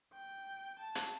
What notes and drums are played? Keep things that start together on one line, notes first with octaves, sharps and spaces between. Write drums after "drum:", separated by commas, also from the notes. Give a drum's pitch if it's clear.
G5
A5
drum: hi-hat